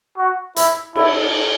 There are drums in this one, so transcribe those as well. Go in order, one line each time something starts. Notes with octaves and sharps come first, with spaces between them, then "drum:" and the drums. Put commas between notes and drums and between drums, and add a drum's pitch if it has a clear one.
F#4
E4, drum: hi-hat
E4, drum: cymbal